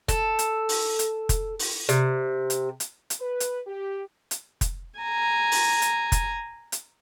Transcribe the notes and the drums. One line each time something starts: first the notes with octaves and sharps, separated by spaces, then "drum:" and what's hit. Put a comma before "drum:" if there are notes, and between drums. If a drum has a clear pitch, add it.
A4, drum: kick F1, hi-hat
drum: hi-hat
drum: open hi-hat
drum: hi-hat
drum: kick F1, hi-hat
drum: open hi-hat
C3, drum: hi-hat
drum: hi-hat
drum: hi-hat
drum: hi-hat
B4
drum: hi-hat
G4
drum: hi-hat
drum: kick F1, hi-hat
G#5 A#5
drum: open hi-hat
drum: hi-hat
drum: kick F1, hi-hat
drum: hi-hat